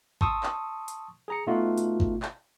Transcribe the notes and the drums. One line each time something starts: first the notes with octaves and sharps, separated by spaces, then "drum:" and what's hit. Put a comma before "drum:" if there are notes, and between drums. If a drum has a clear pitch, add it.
A5 C6 C#6 D#6 E6, drum: kick G#1
drum: clap
drum: hi-hat
G#4 A#5 C#7
B2 A3 D#4 F4 F#4
drum: hi-hat
drum: kick G#1
drum: clap